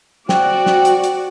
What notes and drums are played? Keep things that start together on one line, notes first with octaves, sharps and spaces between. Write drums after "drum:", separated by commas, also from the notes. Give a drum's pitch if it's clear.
C4 F#4 D5, drum: snare
drum: snare
drum: hi-hat
drum: hi-hat